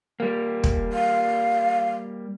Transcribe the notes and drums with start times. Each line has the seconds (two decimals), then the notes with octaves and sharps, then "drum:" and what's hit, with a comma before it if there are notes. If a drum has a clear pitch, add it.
0.20 G3 A#3
0.64 drum: kick
0.93 F5